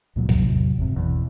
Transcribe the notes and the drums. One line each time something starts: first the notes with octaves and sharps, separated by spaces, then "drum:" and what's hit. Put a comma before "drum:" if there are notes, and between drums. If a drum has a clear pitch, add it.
C#2 A#2 F3 F#3
E2 A2 C3 F#3, drum: kick A#1, hi-hat
G#1 F2 C3
E2 B2